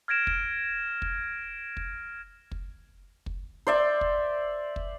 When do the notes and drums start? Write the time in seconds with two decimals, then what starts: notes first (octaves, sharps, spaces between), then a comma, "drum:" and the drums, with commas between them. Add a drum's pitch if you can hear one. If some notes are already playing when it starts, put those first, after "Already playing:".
0.08 F6 G#6 A#6 D7 E7
0.27 drum: kick
1.02 drum: kick
1.77 drum: kick
2.51 drum: kick
3.26 drum: kick
3.67 C5 D5 E5
4.01 drum: kick
4.76 drum: kick